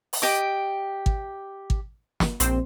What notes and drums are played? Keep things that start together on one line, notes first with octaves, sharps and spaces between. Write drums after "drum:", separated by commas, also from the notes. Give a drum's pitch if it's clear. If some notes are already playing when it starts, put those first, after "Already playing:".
drum: open hi-hat
G4 D#5 D6
drum: kick
drum: kick
drum: snare
A#1 C4 C5, drum: hi-hat